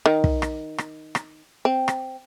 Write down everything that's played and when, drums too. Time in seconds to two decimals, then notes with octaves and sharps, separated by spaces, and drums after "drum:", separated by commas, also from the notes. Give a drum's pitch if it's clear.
0.06 D#3
0.24 drum: kick
0.42 drum: rim click
0.78 drum: rim click
1.15 drum: rim click
1.65 C4
1.88 drum: rim click